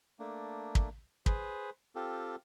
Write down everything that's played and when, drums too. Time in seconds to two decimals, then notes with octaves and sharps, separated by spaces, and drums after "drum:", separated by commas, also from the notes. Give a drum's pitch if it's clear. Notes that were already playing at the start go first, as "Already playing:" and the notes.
0.19 A3 A#3 D4
0.75 drum: kick
1.26 G#4 B4 C5, drum: kick
1.95 C4 F4 G4 A4